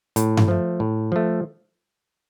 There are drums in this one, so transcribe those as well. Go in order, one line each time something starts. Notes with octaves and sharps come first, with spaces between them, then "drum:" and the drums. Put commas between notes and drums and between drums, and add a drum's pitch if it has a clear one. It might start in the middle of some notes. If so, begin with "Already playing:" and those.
A2, drum: hi-hat
drum: tom G2
F3 A3
A2
F3 A3